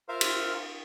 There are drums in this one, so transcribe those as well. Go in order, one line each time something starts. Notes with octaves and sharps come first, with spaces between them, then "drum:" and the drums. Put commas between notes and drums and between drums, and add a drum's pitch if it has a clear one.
F4 A#4 C5 E5 F5
drum: cymbal